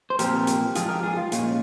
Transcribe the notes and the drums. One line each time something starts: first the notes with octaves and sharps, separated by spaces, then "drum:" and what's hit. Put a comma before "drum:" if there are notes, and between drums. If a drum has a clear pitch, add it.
C5
A#2 F3 C4 G4 A#4, drum: hi-hat
drum: hi-hat
G#2 F3 G#3 F4 G#4, drum: hi-hat
G4 A#4
F4 G#4
F4
A#2 G#3 C#4, drum: hi-hat